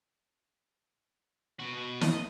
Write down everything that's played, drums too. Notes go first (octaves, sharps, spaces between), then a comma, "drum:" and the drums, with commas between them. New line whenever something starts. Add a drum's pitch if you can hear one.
B2 F#4
D#5, drum: snare